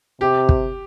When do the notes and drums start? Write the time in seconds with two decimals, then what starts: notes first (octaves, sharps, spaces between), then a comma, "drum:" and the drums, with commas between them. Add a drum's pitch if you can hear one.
0.21 C3 G4
0.49 drum: kick